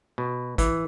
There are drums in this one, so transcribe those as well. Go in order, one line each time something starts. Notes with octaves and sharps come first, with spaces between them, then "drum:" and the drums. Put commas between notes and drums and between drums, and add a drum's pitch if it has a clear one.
B2
E3, drum: kick, hi-hat